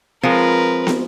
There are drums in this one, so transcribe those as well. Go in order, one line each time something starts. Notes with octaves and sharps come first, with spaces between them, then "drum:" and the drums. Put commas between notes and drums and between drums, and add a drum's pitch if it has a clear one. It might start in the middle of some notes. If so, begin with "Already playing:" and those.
F3 G#3 C4 A#4 B4
drum: snare